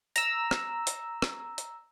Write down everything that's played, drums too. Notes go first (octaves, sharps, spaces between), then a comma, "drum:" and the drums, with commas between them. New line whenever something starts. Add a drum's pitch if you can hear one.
A#5 E6, drum: hi-hat
drum: rim click
drum: hi-hat
drum: rim click
drum: hi-hat